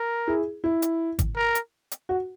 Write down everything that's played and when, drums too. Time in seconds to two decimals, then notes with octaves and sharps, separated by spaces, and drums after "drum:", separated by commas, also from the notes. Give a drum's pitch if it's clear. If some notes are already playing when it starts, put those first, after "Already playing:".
Already playing: A#4
0.28 E4 G#4
0.64 E4
0.82 drum: hi-hat
1.19 drum: kick G#1, hi-hat
1.37 A#4
1.55 drum: hi-hat
1.91 drum: hi-hat
2.09 F#4